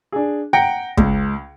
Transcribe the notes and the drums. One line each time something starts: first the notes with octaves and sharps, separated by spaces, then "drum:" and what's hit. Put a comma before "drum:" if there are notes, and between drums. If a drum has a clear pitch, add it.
D4 G#4
F#5 G5 A#5 A#6 C#7 D7
C#2, drum: kick